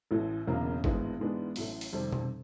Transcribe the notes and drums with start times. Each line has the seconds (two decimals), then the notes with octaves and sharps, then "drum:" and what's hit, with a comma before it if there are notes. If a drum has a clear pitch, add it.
0.11 A1 A2 E3
0.47 E1 E2 C#3 F#3 A#3
0.84 G#1 G2 E3 G#3 B3, drum: kick
1.19 G#2 E3 G#3 B3 D4
1.56 A1 A2 F#3, drum: open hi-hat
1.81 drum: open hi-hat
1.93 F2 C3 D#3 G3 C4
2.12 drum: tom B2